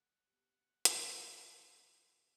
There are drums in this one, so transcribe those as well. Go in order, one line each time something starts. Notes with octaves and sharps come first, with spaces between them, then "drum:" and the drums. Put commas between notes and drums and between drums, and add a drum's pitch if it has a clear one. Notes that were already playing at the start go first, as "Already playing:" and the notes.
Already playing: D3 F#3 A3 F#5
C3 G3 B3
C3 G3 B3 E5, drum: hi-hat
E2 C3 E3 E5
E2 C3 E3